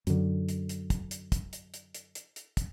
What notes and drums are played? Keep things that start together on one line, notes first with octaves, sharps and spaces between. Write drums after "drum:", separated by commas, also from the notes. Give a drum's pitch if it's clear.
F#2 D3, drum: hi-hat
drum: hi-hat
drum: hi-hat
drum: kick, hi-hat
drum: hi-hat
drum: kick, hi-hat
drum: hi-hat
drum: hi-hat
drum: hi-hat
drum: hi-hat
drum: hi-hat
drum: kick, hi-hat